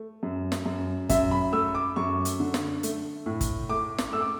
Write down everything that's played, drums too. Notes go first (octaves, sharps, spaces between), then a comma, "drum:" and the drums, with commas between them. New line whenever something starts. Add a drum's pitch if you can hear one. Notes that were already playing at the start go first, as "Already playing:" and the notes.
Already playing: A3
F#2
drum: snare
F#2
F#2 E5, drum: kick, hi-hat
B5
A3 E6
D6
F#2 C#6
drum: hi-hat
D3
drum: snare
A3, drum: hi-hat
A2
drum: kick, hi-hat
A3 D6
drum: snare
A3 E6
D6